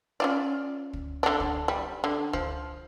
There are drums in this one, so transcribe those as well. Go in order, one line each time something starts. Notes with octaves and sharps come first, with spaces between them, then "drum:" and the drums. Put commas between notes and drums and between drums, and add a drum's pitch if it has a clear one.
C#4 F4 D5
drum: kick
D3 D4
drum: kick
G3
D3
F3, drum: kick